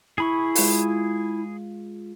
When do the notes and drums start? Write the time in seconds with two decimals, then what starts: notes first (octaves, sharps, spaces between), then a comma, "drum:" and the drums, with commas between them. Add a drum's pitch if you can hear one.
0.18 E4 G#4 B5 C#6
0.55 G#3 F4, drum: open hi-hat